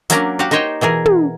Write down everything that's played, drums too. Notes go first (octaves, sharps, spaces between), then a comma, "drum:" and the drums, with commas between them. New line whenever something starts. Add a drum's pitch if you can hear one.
F#3 A#3 C#4 D4 A#4 F#5, drum: hi-hat
F#4 G4 F5 F#5
D#4 A#4 C5 C#5 D#5 G5
B2 E3 G#4 A#4
drum: tom